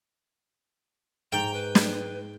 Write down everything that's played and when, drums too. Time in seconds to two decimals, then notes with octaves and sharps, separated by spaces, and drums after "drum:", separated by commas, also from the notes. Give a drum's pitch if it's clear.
1.32 G#2 G5 A#5
1.54 B4
1.75 drum: snare